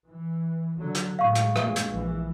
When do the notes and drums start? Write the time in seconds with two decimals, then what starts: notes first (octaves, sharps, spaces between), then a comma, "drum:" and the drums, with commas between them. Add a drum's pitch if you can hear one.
0.10 E3
0.81 D3 F#3
0.95 drum: hi-hat
1.19 A2 G#3 F5 C#6
1.35 drum: hi-hat
1.56 G2 A#2 G#3, drum: rim click
1.76 drum: hi-hat
1.87 A#1 E3